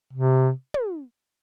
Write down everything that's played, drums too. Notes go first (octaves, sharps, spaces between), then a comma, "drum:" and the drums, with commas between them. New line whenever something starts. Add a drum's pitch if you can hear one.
C3
drum: tom